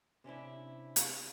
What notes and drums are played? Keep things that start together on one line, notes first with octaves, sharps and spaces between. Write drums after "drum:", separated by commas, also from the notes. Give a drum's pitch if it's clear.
C3 C#4 D4 E4
drum: hi-hat